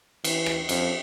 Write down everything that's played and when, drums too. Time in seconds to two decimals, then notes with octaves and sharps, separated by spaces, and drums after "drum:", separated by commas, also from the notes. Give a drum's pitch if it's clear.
0.24 E3, drum: cymbal
0.46 drum: rim click
0.69 F2, drum: cymbal